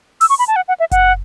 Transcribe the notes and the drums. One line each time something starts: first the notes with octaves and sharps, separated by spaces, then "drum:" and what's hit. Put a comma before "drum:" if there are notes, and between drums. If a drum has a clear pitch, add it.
E6, drum: open hi-hat
C#6
B5
A5
F#5
F#5
E5
F#5, drum: kick F#1, hi-hat